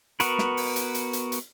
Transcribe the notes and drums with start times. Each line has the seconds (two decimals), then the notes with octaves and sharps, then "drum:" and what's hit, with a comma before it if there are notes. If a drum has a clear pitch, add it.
0.20 B3 F#4 A#4 B4, drum: hi-hat
0.39 drum: snare
0.57 drum: open hi-hat
0.76 drum: hi-hat
0.95 drum: hi-hat
1.13 drum: hi-hat
1.32 drum: hi-hat